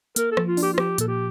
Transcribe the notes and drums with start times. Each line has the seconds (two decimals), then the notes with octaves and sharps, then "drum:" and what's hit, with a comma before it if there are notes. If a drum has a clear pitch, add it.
0.16 A#3 A#4, drum: hi-hat
0.32 A4
0.37 F3, drum: rim click
0.48 F4
0.57 D4, drum: open hi-hat
0.63 G4
0.73 F4
0.78 F3 G4, drum: rim click
0.98 A#2 A4, drum: hi-hat
1.08 G4